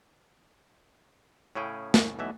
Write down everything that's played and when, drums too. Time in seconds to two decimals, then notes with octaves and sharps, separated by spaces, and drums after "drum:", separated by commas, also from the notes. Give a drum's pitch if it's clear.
1.55 A2 C#3 C#4 G#4 G5
1.94 drum: snare
2.19 B1 B2 E3 E5